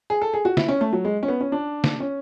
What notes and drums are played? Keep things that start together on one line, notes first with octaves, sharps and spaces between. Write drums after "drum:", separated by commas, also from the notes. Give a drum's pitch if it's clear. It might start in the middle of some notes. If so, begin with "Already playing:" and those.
G#4
A4
G#4
F#4
E4, drum: snare
C#4
A3
F#3
G#3
C#4
B3
C#4
D4
drum: snare
C#4